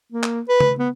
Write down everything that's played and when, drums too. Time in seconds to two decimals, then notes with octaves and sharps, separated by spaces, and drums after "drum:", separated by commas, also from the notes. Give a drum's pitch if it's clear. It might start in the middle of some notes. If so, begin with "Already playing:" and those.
0.12 A#3
0.23 drum: clap
0.49 B4
0.60 drum: tom C#3
0.79 B3